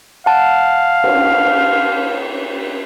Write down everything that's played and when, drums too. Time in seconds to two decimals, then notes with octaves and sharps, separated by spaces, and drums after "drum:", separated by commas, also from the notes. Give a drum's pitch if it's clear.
0.26 F5 F#5 A5
1.04 drum: cymbal